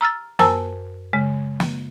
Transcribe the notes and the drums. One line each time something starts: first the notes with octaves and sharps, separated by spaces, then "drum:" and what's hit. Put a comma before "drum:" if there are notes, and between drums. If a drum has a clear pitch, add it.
A#5 E6 F6 A6
F#2 A#4 C5 G#5 A5 E6, drum: snare
C#3 G#3
drum: snare